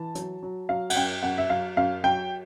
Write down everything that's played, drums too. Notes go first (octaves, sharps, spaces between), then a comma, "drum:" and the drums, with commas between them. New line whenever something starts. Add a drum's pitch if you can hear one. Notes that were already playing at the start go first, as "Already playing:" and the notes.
Already playing: E3 A5
F#3, drum: hi-hat
F#3
F#3 F5
F#5, drum: cymbal
F#2 G5
F#2 F#5
E5
F#3 F5
F#2 F5
F#3 G5